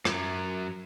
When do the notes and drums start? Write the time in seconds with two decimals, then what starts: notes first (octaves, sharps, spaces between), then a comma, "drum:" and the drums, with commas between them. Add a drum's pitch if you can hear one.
0.05 F#2 F#3, drum: rim click